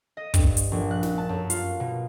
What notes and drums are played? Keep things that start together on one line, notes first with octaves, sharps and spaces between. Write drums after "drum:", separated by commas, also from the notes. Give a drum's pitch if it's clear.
D#5
G2, drum: kick, hi-hat
drum: hi-hat
A#1
F#6
drum: snare
A5
F#2
F4, drum: hi-hat
B2